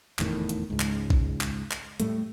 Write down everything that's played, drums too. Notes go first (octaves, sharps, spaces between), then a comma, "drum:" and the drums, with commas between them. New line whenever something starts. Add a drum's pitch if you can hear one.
F1 E2 A2 D#3, drum: clap
drum: hi-hat
C#2 G#2
drum: clap
drum: kick
drum: clap
drum: clap
A2 G3 A3, drum: hi-hat